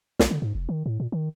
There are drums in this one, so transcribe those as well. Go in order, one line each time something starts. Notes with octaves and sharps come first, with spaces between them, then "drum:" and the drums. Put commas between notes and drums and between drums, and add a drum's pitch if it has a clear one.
B1, drum: snare
D3
G#2
F1
D#3
A2
A#2
D#3